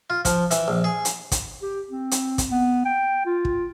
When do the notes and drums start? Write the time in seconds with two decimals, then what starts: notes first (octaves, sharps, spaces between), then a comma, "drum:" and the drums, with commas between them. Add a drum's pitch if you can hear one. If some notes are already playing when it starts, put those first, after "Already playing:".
0.10 F4
0.25 F3, drum: kick, hi-hat
0.51 E3, drum: hi-hat
0.68 A#1
0.84 G#4
1.05 drum: hi-hat
1.31 drum: kick, hi-hat
1.62 G4
1.91 C4
2.11 drum: hi-hat
2.38 drum: kick, hi-hat
2.51 B3
2.85 G5
3.26 F4
3.45 drum: kick